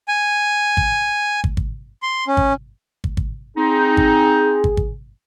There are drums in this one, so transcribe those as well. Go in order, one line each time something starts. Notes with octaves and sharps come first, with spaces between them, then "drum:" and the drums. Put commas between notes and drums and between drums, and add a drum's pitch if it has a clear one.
G#5
drum: kick
drum: kick
drum: kick
C6
C#4
drum: kick
drum: kick
drum: kick
C4 D#4 G#4
drum: kick
drum: kick
drum: kick